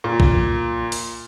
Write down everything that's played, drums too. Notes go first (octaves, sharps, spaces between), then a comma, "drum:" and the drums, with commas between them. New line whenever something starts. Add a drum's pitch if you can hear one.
A#2
drum: kick
drum: open hi-hat